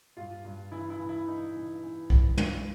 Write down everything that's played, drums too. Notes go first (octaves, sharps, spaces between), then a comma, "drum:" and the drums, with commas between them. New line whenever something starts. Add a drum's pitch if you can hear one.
G2 F4
G2
E3 E4
E4
E3
E4
E3 D#4
E3
E3
G2, drum: kick C2
E3 F4, drum: tom